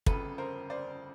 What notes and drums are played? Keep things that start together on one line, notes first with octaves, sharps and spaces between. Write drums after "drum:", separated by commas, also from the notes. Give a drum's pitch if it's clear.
G1 F2 C#3 A4 B4, drum: kick
A#4 C5
C5 D5